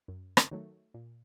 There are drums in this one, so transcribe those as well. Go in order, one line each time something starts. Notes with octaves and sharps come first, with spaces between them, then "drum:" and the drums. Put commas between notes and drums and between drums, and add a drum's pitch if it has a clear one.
F#2
drum: rim click
D#3 F#3 A3
A#2